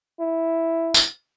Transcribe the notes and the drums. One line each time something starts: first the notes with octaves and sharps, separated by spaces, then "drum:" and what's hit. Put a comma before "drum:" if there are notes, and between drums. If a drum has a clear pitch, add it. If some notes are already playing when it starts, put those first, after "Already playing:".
E4
drum: tambourine